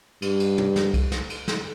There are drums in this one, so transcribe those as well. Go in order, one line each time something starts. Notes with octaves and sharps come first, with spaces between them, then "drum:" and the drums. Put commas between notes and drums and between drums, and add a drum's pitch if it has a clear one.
G2, drum: cymbal
drum: cymbal
drum: tom
drum: snare
drum: kick C2, cymbal
drum: snare
drum: cymbal
drum: snare